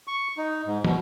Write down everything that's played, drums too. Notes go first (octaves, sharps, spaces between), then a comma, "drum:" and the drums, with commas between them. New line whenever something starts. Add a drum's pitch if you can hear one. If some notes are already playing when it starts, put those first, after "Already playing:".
C#6
D#4
G#2
B2, drum: tom